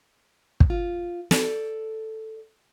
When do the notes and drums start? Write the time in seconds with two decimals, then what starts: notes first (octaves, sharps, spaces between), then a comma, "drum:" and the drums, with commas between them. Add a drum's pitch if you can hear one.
0.60 drum: kick
0.70 F4
1.31 A4 D5, drum: snare